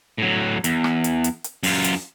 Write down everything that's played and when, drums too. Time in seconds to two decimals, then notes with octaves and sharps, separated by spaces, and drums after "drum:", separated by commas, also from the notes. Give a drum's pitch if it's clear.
0.18 A2 F#3
0.64 E2, drum: hi-hat
0.84 drum: rim click
1.04 drum: hi-hat
1.24 drum: hi-hat
1.44 drum: hi-hat
1.63 F#2 F4, drum: open hi-hat
1.84 drum: hi-hat